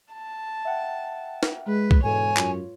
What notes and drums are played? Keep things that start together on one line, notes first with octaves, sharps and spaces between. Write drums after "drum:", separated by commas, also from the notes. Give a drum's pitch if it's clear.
A5
E5 F#5 G5
drum: snare
G#3 B4
drum: kick
E1 G#2 G#3 A4 C#5 G#5
F#2 F4, drum: clap